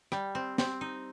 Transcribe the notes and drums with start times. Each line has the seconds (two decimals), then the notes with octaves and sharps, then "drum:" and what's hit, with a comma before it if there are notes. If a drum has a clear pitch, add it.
0.12 G3, drum: rim click
0.35 C4
0.58 C4, drum: snare
0.81 D#4